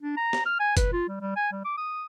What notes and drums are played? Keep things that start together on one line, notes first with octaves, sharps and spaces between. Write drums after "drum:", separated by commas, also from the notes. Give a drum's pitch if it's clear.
D4
A#5
drum: snare
F6
G#5
B4, drum: kick F#1, hi-hat
F4
G3
G3
G#5
G3
D6
D#6